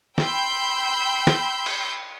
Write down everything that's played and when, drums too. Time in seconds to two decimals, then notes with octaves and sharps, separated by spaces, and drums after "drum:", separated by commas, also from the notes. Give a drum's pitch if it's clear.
0.18 G5 B5 C6 E6 G6, drum: snare
1.27 drum: snare
1.66 drum: cymbal